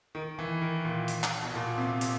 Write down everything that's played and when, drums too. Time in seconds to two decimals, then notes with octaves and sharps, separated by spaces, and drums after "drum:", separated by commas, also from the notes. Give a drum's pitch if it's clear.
0.15 D#3
0.39 E3
0.62 D#3
0.85 A#2
1.08 drum: hi-hat
1.24 drum: clap
1.43 B2
1.55 A#2
1.78 C3
2.01 drum: hi-hat